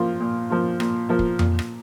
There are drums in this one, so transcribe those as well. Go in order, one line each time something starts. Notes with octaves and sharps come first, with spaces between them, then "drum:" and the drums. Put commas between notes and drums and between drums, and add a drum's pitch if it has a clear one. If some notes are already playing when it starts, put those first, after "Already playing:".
Already playing: A#2 F3 A#3 F4
A#2
F3 A#3 F4
A#2, drum: rim click
F3 A#3 F4
drum: kick
A#2, drum: tom F2
drum: rim click